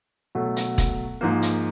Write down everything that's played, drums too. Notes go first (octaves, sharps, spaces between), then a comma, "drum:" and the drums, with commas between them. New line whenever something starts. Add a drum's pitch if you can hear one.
B2 F#3 A3
drum: hi-hat
drum: kick E1, hi-hat
G#2 F3 A#3
drum: hi-hat